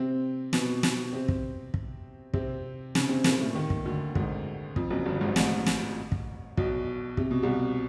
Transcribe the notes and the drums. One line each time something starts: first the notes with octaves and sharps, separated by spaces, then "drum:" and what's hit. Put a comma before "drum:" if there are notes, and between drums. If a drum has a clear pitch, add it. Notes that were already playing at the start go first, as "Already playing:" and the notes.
Already playing: C3 C4
B2 B3, drum: snare
drum: snare
C3 C4
drum: kick
drum: kick
C3 C4, drum: kick
C#3 C#4, drum: snare
C3 C4
A#2 A#3, drum: snare
A#3
A2 A3
D#2 D#3
drum: kick
D2 D3
G#1 G#2, drum: kick
F2, drum: kick
F#1 F#2
G1 G2
G#1 G#2
A1 A2, drum: snare
drum: snare
drum: kick
B1 B2, drum: kick
C3, drum: kick
B2
C2 C3